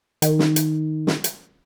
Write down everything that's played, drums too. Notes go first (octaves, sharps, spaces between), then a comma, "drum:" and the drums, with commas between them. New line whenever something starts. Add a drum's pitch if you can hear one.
D#3, drum: hi-hat
drum: snare
drum: hi-hat
drum: snare
drum: hi-hat